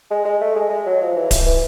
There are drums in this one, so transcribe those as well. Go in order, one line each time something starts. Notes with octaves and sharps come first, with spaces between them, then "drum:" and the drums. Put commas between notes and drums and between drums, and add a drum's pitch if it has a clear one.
G#3
G#3
A3
G#3
G#3
F#3
F3
E3
E3, drum: kick D1, hi-hat
E3